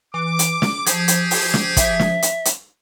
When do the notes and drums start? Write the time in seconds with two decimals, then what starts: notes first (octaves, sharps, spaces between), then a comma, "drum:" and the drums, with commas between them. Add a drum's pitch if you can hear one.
0.14 E3 D6
0.39 drum: hi-hat
0.62 drum: snare
0.86 F3 G4 G#4, drum: hi-hat
1.08 drum: hi-hat
1.31 drum: open hi-hat
1.54 drum: snare
1.77 E5, drum: kick, hi-hat
2.00 drum: snare
2.22 drum: hi-hat
2.45 drum: hi-hat